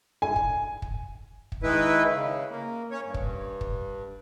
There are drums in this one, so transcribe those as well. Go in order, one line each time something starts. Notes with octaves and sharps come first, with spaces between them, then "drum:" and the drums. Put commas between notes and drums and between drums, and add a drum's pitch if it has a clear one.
G#5
drum: kick
drum: kick
drum: kick
D#3 G#3 E4 B4
C#3
A#3
C#4 C#5
G2
drum: kick
drum: kick